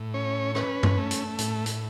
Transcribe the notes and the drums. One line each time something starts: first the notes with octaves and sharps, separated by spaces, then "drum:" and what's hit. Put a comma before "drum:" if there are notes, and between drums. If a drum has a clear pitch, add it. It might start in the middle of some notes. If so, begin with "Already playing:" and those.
Already playing: A2
C#4 C#5
C#4 B4, drum: rim click
drum: tom G2
A3
drum: hi-hat
A2, drum: hi-hat
drum: hi-hat